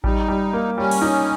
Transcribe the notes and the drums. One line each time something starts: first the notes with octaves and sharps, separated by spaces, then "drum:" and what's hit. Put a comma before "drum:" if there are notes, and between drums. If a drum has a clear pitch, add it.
G3 D#4, drum: kick A1
G3
A#3
G3 C#4
drum: cymbal
D#4